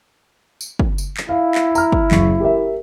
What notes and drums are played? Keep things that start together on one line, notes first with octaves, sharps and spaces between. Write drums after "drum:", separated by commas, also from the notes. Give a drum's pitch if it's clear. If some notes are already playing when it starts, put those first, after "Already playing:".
drum: tambourine
drum: kick
drum: tambourine
drum: clap
E4 F5
drum: clap
A#5 F6, drum: tambourine
drum: kick
F#1 C#6, drum: clap
G4 A#4 E5